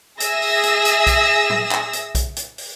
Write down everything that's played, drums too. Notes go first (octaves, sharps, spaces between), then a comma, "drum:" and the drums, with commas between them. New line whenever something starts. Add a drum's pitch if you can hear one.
G#4 E5 E6 A#6, drum: hi-hat
drum: open hi-hat
drum: hi-hat
drum: hi-hat
drum: kick B1, hi-hat
drum: tom
drum: clap
drum: hi-hat
drum: kick B1, hi-hat
drum: hi-hat
drum: open hi-hat